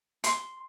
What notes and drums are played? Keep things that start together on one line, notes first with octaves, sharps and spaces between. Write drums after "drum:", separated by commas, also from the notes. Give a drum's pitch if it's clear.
C6, drum: hi-hat